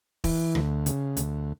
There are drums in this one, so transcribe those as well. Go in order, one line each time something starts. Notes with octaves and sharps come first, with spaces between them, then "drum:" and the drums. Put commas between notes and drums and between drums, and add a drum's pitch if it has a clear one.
E3, drum: kick, open hi-hat
D2, drum: rim click
C#3, drum: hi-hat
D2, drum: hi-hat